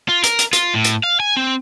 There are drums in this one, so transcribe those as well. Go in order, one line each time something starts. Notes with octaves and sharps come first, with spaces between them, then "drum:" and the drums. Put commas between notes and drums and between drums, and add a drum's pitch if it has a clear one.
F4
A#4, drum: hi-hat
drum: hi-hat
F4, drum: hi-hat
A2
drum: hi-hat
F5
G#5
C4